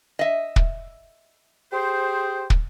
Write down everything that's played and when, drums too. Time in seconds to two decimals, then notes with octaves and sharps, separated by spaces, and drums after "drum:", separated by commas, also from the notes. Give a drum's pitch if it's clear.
0.19 D#5 E5
0.56 drum: kick
1.72 G4 G#4 C5
2.50 drum: kick